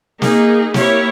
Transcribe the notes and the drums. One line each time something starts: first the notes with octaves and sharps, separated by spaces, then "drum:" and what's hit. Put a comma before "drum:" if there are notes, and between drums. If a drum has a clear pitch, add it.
A#3 D#4 G#4, drum: snare
A#3 E4 G4 C#5, drum: snare